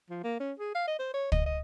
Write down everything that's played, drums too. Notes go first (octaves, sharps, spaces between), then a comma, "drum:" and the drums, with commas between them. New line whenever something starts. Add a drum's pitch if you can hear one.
F3
A#3
C#4
G#4
F5
D#5
C5
C#5
D#5, drum: kick
D#5